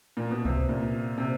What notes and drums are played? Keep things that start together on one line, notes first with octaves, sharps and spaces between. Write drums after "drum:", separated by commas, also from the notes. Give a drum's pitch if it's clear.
A#2
B2
C3, drum: kick C#2
A#2
C3